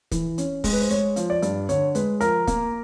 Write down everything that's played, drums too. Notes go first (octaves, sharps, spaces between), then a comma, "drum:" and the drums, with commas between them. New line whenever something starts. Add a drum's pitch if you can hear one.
E3, drum: kick, hi-hat
C#4, drum: hi-hat
G#3, drum: kick, open hi-hat
B4
C5
G#3 C#5, drum: hi-hat
F3, drum: hi-hat
D5
G2, drum: hi-hat
D3 C#5, drum: hi-hat
G#3 B4, drum: hi-hat
F3 A#4, drum: hi-hat
A#3, drum: kick, hi-hat